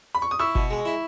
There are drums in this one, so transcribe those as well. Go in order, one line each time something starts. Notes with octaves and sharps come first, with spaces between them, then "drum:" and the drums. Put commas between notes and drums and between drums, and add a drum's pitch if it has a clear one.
B5
C#6
D#6
E4 C#6 E6
B2, drum: kick F#1
G#3
E4